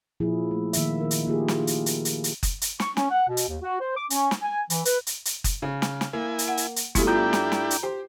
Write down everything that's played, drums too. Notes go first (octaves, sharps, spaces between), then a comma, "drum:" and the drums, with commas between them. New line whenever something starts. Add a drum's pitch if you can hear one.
A#2 F3 E4 G#4
A3
D#3 A#3 E5, drum: hi-hat
D#4 A#4
drum: hi-hat
A#3 F4 G4 G#4
drum: snare
drum: hi-hat
drum: hi-hat
drum: hi-hat
drum: hi-hat
drum: kick F#1, hi-hat
drum: hi-hat
C#6, drum: snare
C#4, drum: snare
F#5
B2
drum: hi-hat
D#2
F#4
C5
D6
C#4, drum: hi-hat
drum: snare
G#5
E3, drum: hi-hat
B4, drum: hi-hat
drum: hi-hat
drum: hi-hat
drum: kick F#1, hi-hat
C#3
drum: snare
drum: snare
A#3 E4 G#5
drum: hi-hat
F#5
drum: hi-hat
drum: hi-hat
G2 A3 B3 E4 F#4 G4 G#5 B5, drum: kick F#1, hi-hat
D4 E4 F4 G4 A#5 G6
drum: snare
drum: snare
drum: hi-hat
G4 C5